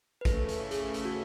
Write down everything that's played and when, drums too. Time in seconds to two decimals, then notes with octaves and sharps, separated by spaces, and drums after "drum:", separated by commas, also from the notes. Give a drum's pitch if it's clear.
0.21 B4
0.25 C#3 E3 A3 C#4 A4, drum: kick, hi-hat
0.49 drum: hi-hat
0.71 G#4, drum: hi-hat
0.94 drum: hi-hat
1.05 F#4